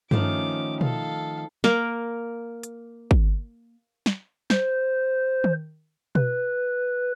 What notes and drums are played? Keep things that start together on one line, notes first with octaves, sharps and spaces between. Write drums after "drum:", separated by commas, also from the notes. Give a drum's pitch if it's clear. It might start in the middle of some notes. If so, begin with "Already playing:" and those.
D#3 F3 A3 C#4 D6, drum: tom G2
A4 F5, drum: tom B2
A#3 A#4, drum: snare
drum: hi-hat
drum: kick
drum: snare
C5, drum: snare
drum: tom D#3
B4, drum: tom B2